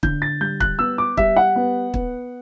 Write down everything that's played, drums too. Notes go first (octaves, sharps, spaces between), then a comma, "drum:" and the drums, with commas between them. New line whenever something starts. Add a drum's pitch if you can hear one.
D3 G6, drum: kick
A6
G3 G6
F#6, drum: kick
B3 E6
D6
G3 E5, drum: kick
F#5
B3
B3, drum: kick